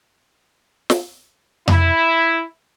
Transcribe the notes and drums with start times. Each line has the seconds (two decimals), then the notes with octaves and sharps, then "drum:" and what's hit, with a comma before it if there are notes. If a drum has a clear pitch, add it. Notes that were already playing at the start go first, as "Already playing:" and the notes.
0.90 drum: snare
1.68 E4, drum: tom F2